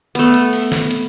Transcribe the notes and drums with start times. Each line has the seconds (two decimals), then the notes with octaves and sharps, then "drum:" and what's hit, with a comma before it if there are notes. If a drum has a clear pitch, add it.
0.15 A3 B3, drum: hi-hat
0.34 drum: hi-hat
0.53 drum: open hi-hat
0.72 drum: snare
0.91 drum: hi-hat